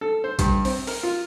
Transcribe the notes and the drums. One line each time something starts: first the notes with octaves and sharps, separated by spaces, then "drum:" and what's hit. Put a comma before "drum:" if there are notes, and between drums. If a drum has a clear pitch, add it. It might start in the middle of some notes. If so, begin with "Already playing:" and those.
A4
C5
G2, drum: kick A#1, hi-hat
C4, drum: open hi-hat
A#4, drum: open hi-hat
F4